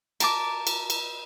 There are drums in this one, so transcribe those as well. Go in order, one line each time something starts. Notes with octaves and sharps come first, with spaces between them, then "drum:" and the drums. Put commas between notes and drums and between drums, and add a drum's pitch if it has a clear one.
A#4 A5 D6, drum: cymbal
drum: cymbal
drum: cymbal